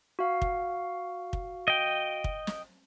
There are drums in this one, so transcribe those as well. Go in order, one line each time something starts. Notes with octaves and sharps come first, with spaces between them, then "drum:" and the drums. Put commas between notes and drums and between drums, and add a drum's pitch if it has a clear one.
F#4 F5
drum: kick
drum: kick
D#5 G5
drum: kick
drum: snare